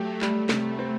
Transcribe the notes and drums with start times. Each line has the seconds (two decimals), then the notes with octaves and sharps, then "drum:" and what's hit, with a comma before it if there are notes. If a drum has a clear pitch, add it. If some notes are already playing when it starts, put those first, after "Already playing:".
Already playing: F#3 A3 G4
0.21 G3, drum: clap
0.49 C3 A3, drum: snare
0.79 C4